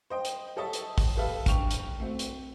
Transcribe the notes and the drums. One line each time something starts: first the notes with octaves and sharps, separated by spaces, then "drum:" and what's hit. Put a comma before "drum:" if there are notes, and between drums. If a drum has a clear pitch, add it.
C5 D#5 G5
drum: hi-hat
G4 A4 C#5 D#5 E5 A5
drum: hi-hat
drum: kick, open hi-hat
G4 A4 B4 E5 F5
G2 G5 C#6 F7, drum: kick, hi-hat
drum: hi-hat
A3 C4 F#4
drum: hi-hat